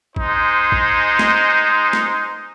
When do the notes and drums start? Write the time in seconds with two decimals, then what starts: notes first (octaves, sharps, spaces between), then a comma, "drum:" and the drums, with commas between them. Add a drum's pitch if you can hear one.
0.16 G#3 D#4 C5, drum: kick A#1
0.72 drum: kick A#1
1.19 drum: snare
1.93 drum: snare